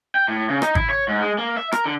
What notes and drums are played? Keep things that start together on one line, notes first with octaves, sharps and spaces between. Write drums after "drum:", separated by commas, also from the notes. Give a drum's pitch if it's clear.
G5
A2
C#3
D#4, drum: rim click
E4, drum: kick G#1
C#5
G#2
G#3
A#3
E5
A#4, drum: rim click
D3